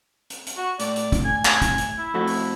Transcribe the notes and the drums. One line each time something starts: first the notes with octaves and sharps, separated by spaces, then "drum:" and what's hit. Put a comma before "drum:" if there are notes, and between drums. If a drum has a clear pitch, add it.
drum: hi-hat
drum: hi-hat
F#4
A2 D5, drum: hi-hat
drum: hi-hat
drum: kick, hi-hat
G#5
drum: clap
drum: kick, hi-hat
drum: hi-hat
E4
F2 A3 F#4
drum: open hi-hat